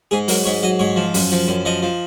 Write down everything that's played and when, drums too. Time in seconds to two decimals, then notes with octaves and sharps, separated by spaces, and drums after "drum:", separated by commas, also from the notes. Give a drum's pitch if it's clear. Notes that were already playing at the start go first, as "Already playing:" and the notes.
0.11 G#2 G#4
0.28 F#3 A#4, drum: open hi-hat
0.45 G#2 C#5
0.63 F#3 D#5
0.79 G#2 C#5
0.96 F3
1.14 F#2, drum: open hi-hat
1.32 F3
1.48 F#2
1.65 F3 D#5
1.83 F3